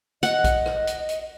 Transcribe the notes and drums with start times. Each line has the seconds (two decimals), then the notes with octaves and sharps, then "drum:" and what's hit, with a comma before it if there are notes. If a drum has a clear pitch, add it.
0.23 D#5 F#5, drum: hi-hat
0.44 drum: kick, hi-hat
0.66 drum: rim click
0.87 drum: hi-hat
1.09 drum: hi-hat